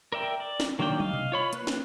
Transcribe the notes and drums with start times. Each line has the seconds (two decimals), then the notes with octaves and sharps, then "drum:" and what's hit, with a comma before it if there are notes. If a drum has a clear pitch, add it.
0.12 A#4 D5 E5 G5
0.40 D5
0.60 drum: snare
0.79 D#3 F#3 A#3 D4 G5
1.00 D#5 F5, drum: tom
1.13 drum: tom B2
1.32 F4 C#5 B5
1.53 A#3 B4 F#6, drum: hi-hat
1.67 drum: snare